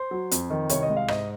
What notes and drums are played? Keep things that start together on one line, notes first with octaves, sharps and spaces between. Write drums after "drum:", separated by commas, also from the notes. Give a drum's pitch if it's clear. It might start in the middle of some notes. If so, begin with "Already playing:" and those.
Already playing: C5
F#3
F2, drum: hi-hat
D#3
C2 C#5, drum: hi-hat
D#5
G#3
F5
G#2 D#5, drum: rim click